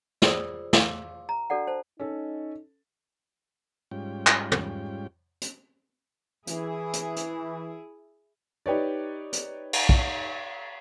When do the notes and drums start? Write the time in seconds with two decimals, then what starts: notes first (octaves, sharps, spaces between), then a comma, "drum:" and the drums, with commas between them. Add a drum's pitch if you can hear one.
0.22 F4 G#4 C5 D5 D#6 E6, drum: snare
0.73 F5 C6 D6 E6, drum: snare
1.29 A#5
1.50 D4 F#4 A4 D5 F#5
1.67 C5 A5
2.00 C#4 D#4 A4
3.91 G#2 G3 C#4 F4 G5
4.27 drum: clap
4.52 drum: tom
5.42 drum: hi-hat
6.47 E3 E4 G#4, drum: hi-hat
6.93 drum: hi-hat
7.16 drum: hi-hat
8.66 D#4 G4 B4 C#5 D5
9.33 drum: hi-hat
9.73 drum: cymbal
9.89 drum: kick